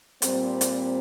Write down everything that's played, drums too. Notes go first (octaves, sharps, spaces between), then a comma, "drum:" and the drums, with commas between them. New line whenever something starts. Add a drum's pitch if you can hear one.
A#2 G3 C4, drum: hi-hat
drum: hi-hat